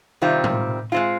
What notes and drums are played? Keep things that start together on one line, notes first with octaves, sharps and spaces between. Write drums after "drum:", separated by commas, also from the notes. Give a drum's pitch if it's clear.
C3 D#3 G3 C4 F4
drum: tom A2
G#3 C4 F4